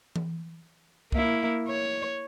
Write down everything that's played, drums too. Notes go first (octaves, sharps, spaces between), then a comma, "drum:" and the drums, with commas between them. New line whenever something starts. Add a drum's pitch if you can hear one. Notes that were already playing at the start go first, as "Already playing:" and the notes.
drum: tom E3
A#3 E4, drum: kick
C#5